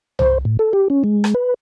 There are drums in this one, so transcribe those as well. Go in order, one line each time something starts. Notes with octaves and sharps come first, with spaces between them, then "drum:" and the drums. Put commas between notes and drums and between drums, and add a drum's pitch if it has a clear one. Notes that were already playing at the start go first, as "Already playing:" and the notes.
C5, drum: tom C2
A2
A4
G4
C#4
G#3
drum: rim click
B4